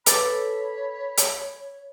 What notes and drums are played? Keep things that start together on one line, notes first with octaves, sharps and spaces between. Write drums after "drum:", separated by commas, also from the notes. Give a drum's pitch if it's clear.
A4 B4 C#5 B5 D6 A6, drum: hi-hat
drum: hi-hat